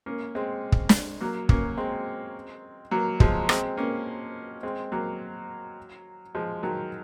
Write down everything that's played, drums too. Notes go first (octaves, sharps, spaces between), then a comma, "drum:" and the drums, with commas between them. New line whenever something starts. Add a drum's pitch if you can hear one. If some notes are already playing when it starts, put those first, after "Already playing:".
A#3 C#4
G#3 C4
drum: kick
drum: snare
F#3 A#3
A#3 C#4, drum: kick
G#3 C4
F#3 A#3
F3 G#3, drum: kick
G#3 C4, drum: rim click
A#3 C#4
G#3 C4
F#3 A#3
F3 G#3
D#3 F#3